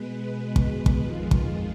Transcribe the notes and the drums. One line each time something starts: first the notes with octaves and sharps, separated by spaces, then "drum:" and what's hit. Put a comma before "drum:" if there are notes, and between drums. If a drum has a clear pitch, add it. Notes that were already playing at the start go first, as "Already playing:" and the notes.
Already playing: B2 G#3 B4
B4
drum: kick
drum: kick
F2 D#3 G#3 F4
drum: kick